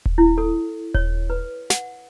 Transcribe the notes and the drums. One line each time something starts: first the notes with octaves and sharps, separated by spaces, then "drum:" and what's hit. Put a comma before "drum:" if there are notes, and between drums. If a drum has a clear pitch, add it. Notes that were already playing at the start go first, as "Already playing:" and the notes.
drum: kick D#1
E4
A4
C#5, drum: kick D#1
B4
F#5, drum: snare